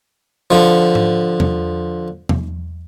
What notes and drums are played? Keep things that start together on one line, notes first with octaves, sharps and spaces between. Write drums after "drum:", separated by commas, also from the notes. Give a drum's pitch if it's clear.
D3 F3
drum: tom G#2
drum: tom E2
drum: tom E2